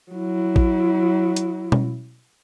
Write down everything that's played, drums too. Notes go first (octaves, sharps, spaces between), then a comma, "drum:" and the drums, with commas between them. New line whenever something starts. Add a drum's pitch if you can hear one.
F#3 E4
drum: kick A1
drum: hi-hat
drum: tom B2